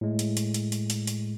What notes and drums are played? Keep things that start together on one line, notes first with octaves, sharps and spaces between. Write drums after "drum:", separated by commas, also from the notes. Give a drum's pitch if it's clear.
A2 G#3
drum: hi-hat
drum: hi-hat
drum: hi-hat
drum: hi-hat
drum: hi-hat
drum: hi-hat